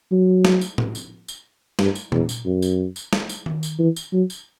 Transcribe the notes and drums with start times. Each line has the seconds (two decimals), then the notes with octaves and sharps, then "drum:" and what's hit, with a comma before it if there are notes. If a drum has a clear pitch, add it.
0.11 F#3
0.45 drum: snare
0.61 drum: tambourine
0.78 drum: tom A2
0.95 drum: tambourine
1.28 drum: tambourine
1.79 G2, drum: snare
1.95 drum: tambourine
2.12 E2, drum: tom A#2
2.29 drum: tambourine
2.45 F#2
2.62 drum: tambourine
2.96 drum: tambourine
3.13 drum: snare
3.29 drum: tambourine
3.46 drum: tom D#3
3.63 drum: tambourine
3.79 E3
3.96 drum: tambourine
4.13 F#3
4.30 drum: tambourine